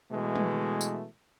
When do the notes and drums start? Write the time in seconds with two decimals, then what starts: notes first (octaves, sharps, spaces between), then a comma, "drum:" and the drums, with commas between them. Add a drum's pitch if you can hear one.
0.12 B2 E3 G#3 A3
0.35 drum: tom
0.81 drum: tambourine